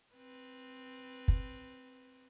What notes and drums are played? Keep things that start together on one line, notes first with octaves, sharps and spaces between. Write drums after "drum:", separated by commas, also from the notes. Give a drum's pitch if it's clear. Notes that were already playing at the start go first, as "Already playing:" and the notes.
C4 B4
drum: kick